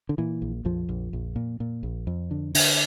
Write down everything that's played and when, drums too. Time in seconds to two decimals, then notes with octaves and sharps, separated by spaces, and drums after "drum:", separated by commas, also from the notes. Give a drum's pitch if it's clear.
0.09 D3
0.18 A#2 E3
0.42 A#1
0.65 A#1 F2 F3
0.89 A#1
1.13 A#1
1.36 A#2
1.60 A#2
1.83 A#1
2.07 F2
2.31 D3
2.55 D3, drum: open hi-hat